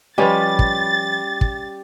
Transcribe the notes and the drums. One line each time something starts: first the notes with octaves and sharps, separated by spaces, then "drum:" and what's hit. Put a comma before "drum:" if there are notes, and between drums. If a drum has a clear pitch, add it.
F3 G3 C#4 G4 B4 D#5 A6
drum: kick
drum: kick